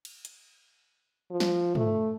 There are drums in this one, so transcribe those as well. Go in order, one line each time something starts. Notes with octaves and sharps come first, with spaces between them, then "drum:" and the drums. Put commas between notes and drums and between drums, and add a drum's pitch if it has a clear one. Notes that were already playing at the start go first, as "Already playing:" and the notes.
drum: cymbal
drum: hi-hat
F3
drum: snare
A3, drum: tom